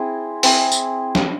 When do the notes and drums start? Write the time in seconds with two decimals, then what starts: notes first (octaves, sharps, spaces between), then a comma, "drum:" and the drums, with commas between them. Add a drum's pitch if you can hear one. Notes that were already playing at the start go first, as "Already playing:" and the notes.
Already playing: C4 E4 G#4
0.43 C4 E4 G#4, drum: open hi-hat
0.72 drum: tambourine
1.15 drum: snare